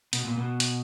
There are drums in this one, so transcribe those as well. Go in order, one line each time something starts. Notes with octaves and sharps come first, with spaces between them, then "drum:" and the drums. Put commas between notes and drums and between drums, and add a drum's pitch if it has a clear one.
B2, drum: hi-hat
A#2
B2
drum: hi-hat